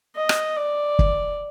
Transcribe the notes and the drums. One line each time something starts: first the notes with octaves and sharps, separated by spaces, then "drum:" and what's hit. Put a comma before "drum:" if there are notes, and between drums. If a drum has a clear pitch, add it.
D#5
drum: rim click
D5
drum: kick